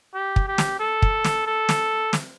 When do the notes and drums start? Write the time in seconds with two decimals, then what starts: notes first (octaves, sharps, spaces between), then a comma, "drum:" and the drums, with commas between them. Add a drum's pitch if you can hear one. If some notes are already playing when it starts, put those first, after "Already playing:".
0.15 G4
0.36 drum: kick
0.48 G4
0.58 drum: snare
0.80 A4
1.02 drum: kick
1.25 drum: snare
1.46 A4
1.69 drum: snare
2.13 drum: snare